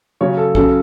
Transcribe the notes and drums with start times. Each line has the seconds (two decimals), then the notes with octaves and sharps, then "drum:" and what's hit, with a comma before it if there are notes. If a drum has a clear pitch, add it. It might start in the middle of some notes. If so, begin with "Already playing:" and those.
0.21 C#3 F#3 C#4 C#5
0.37 A4
0.55 C#3 F#3 C#4 A4, drum: kick